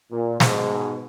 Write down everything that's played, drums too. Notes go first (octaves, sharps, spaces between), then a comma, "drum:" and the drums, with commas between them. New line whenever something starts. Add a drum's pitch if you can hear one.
A#2
G#2 B2, drum: snare